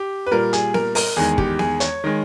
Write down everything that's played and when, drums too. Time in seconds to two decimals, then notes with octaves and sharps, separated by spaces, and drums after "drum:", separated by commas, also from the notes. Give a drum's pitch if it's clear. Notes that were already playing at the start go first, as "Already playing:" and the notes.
Already playing: G4
0.27 B4
0.31 A#2 G3 A#4
0.53 G#4, drum: hi-hat
0.74 A#4, drum: snare B3
0.95 A#4, drum: open hi-hat
1.17 E2 D#3 G#3 G#4
1.38 G4, drum: kick
1.59 G#4, drum: snare B3
1.80 C#5, drum: hi-hat
2.04 D#3 G#3